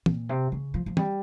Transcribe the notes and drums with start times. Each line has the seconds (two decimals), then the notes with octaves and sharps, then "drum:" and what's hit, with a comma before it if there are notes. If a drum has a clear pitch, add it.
0.06 A#2, drum: tom
0.29 C3
0.52 C#3
0.74 F3
0.86 F3
0.97 G3, drum: tom